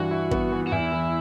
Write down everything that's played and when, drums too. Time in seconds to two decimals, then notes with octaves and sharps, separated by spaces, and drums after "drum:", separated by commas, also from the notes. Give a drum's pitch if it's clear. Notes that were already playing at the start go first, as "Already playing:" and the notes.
Already playing: G2 E3 F#4
0.11 E4
0.31 B3, drum: kick
0.52 E3
0.67 F#4
0.72 E2 E4
0.92 E3